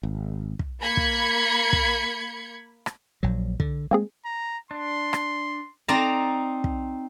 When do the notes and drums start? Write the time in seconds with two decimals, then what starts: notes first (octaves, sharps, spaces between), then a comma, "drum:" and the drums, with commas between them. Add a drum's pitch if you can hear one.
0.03 G#1
0.59 drum: kick
0.79 A#3 B5 G#6 C#7
0.97 drum: kick
1.73 drum: kick
2.86 drum: rim click
3.23 A#1 F#3
3.60 D3, drum: kick
3.91 G#3 A#3 C4 G#4
4.25 A#5
4.71 D4 C6
5.13 drum: rim click
5.88 C4 D#4 D5 A5 A#5
6.64 drum: kick